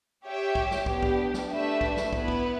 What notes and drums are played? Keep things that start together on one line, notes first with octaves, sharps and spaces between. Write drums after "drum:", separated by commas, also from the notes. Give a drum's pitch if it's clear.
G4 C#5 E5 G5
drum: kick
drum: snare
B3 D4 G4, drum: kick
drum: kick
drum: snare
A3 D4 G4 B4 E5
drum: kick
drum: snare
B3 E4 B4, drum: kick
drum: kick